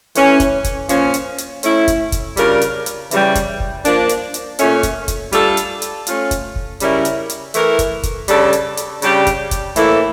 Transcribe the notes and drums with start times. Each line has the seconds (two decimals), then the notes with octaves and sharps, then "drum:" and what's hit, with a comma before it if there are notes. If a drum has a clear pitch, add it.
0.15 E3 A3 C#4, drum: hi-hat
0.40 drum: kick, hi-hat
0.64 drum: kick, hi-hat
0.89 A#2 F3 C#4, drum: hi-hat
1.14 drum: hi-hat
1.38 drum: hi-hat
1.63 A3 C#4 E4, drum: hi-hat
1.88 drum: kick, hi-hat
2.12 drum: kick, hi-hat
2.37 C#3 G3 D4 F4 A#4, drum: hi-hat
2.61 drum: hi-hat
2.86 drum: hi-hat
3.11 C#3 E3 G3, drum: hi-hat
3.35 drum: kick, hi-hat
3.60 drum: kick
3.85 F3 A#3 D4, drum: hi-hat
4.09 drum: hi-hat
4.34 drum: hi-hat
4.59 A#2 A3 C#4, drum: hi-hat
4.83 drum: kick, hi-hat
5.08 drum: kick, hi-hat
5.32 G3 D4 F4 A4, drum: hi-hat
5.57 drum: hi-hat
5.82 drum: hi-hat
6.07 A3 C#4 F4, drum: hi-hat
6.31 drum: kick, hi-hat
6.56 drum: kick
6.80 C#3 G3 C#4 E4 A#4, drum: hi-hat
7.05 drum: hi-hat
7.29 drum: hi-hat
7.54 E3 A3 E4 A#4, drum: hi-hat
7.79 drum: kick, hi-hat
8.03 drum: kick, hi-hat
8.28 C#3 G3 D4 A4, drum: hi-hat
8.53 drum: hi-hat
8.77 drum: hi-hat
9.02 C#3 G3 D4 G4, drum: hi-hat
9.27 drum: kick, hi-hat
9.51 drum: kick, hi-hat
9.76 A2 E3 A#3 E4 A4, drum: hi-hat